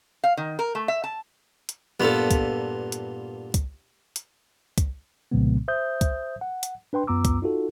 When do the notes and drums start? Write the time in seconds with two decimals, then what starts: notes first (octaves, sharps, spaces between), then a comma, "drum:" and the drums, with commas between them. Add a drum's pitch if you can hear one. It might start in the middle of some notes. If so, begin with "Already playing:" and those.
0.24 F5
0.37 D#3
0.59 A#4
0.75 A3
0.88 E5
1.04 A5
1.69 drum: hi-hat
2.00 G2 A#2 B3 F4 A4
2.31 drum: kick C#2, hi-hat
2.92 drum: hi-hat
3.54 drum: kick C#2, hi-hat
4.16 drum: hi-hat
4.78 drum: kick C#2, hi-hat
5.31 C2 A#2 C#3 F3 G#3 B3
5.68 C5 E5 D#6 G6
6.01 drum: kick C#2, hi-hat
6.41 F#5
6.63 drum: hi-hat
6.93 D4 B4 G5 C6
7.07 F#2 B3 F4 A#5 D6 E6
7.25 drum: kick C#2, hi-hat
7.42 D#4 F4 F#4 A4